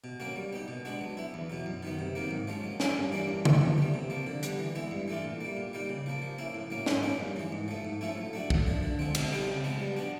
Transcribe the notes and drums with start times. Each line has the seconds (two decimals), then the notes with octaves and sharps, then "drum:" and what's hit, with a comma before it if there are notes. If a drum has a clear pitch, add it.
0.04 B2
0.20 F#3 A#3 C#4 F#4
0.36 G3
0.53 B3 D#4
0.68 B2
0.85 G#3 B3 D4 F#4
1.01 F#3
1.17 B3 E4
1.34 E2
1.50 B2 F#3
1.66 F#2
1.83 D#3 F#3 B3
1.99 C3
2.15 D#3 F#3 A#3
2.31 G#2
2.47 F3 G#3 C#4
2.63 F#3
2.80 A#3 D4 F4, drum: snare
2.97 G2
3.12 E3 G3 A#3 D4
3.29 G2
3.45 E3 A3 D4, drum: tom
3.62 A#2
3.78 G3 B3
3.94 C3
4.10 F3 A#3
4.27 D3
4.43 G3 B3, drum: hi-hat
4.59 E3
4.75 G#3 B3 E4
4.91 G2
5.08 E3 A3 D4 F4
5.24 A#2
5.41 G3 A#3
5.57 A#2
5.73 G3 A#3 D#4
5.89 C#3
6.06 F3 A#3
6.22 F3
6.38 A#3 C#4 E4
6.55 A2
6.70 F#3 A#3 C#4
6.86 G#2, drum: snare
7.03 F3 A#3 D#4
7.20 G2
7.36 E3 G#3
7.52 G#2
7.68 F3 A3
7.85 G#2
8.01 F3 A3 C#4 E4
8.17 F#3
8.33 A3 D4 F#4
8.50 F#2, drum: kick
8.67 D3 F3
8.83 D3
8.99 F3 G#3 C4
9.15 B2, drum: cymbal
9.31 G3 C4 D#4 G4
9.48 C#3
9.64 F3 G#3 B3
9.80 G3
9.97 B3 D4 F#4